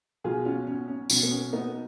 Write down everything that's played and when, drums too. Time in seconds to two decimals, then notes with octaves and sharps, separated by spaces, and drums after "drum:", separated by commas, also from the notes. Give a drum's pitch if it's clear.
0.24 B1 B2 F4 G#4
0.45 C#4 F4
0.67 C#4
0.88 C#4
1.10 B1 B2 C#4, drum: tambourine
1.23 B3
1.31 C#4
1.53 B3 D#4